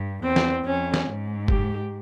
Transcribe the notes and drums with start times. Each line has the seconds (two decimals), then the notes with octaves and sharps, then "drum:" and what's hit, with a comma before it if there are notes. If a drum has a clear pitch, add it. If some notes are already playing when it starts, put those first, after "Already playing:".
Already playing: G2
0.23 E2 C4
0.36 drum: snare
0.65 F2 C#4
0.94 drum: snare
1.07 G#2
1.48 G4, drum: kick